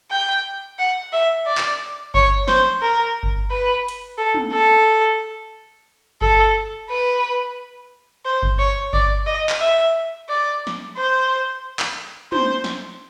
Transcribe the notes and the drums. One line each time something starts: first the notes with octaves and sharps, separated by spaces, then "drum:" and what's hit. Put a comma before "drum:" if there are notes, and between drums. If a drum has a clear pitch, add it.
G5
F#5
E5
D5
drum: clap
C#5, drum: kick G1
C5, drum: snare
A#4
drum: kick G1
B4
drum: hi-hat
A4
drum: tom
A4
A4, drum: kick G1
B4
C5
drum: kick G1
C#5
D5, drum: kick G1
D#5
drum: clap
E5
D5
drum: snare
C5
drum: clap
C5, drum: tom
drum: snare